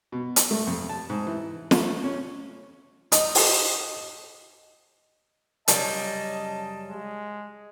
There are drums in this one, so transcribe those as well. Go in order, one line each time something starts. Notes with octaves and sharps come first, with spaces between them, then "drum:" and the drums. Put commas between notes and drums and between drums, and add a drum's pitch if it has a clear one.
B2
drum: hi-hat
A3
F2
A5
G#2
E3
A3, drum: snare
C#4
D#4, drum: hi-hat
drum: open hi-hat
F#2 C#3 G3 D#5 A5, drum: hi-hat
G#3